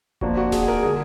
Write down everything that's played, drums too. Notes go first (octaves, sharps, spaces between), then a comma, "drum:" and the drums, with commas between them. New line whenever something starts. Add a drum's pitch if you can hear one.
F2 F3 A#3 D4 F#4, drum: kick F#1
F#4
G#4, drum: snare D1
G#4
A#4
D3 G#3 G#4